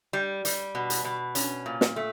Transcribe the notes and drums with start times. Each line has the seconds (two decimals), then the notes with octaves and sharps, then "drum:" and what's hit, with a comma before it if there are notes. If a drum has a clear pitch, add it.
0.13 G3
0.45 G3, drum: hi-hat
0.75 B2
0.90 drum: hi-hat
1.05 B2
1.35 C#4, drum: hi-hat
1.66 A#2
1.81 drum: snare
1.96 A3